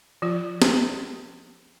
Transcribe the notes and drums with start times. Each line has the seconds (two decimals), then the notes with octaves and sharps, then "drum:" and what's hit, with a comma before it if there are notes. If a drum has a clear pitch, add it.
0.22 F3 F4
0.62 drum: snare